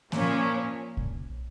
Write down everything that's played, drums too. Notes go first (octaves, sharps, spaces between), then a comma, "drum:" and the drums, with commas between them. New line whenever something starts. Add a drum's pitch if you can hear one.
A#2 F3 A#3 C#4, drum: snare A#3
drum: kick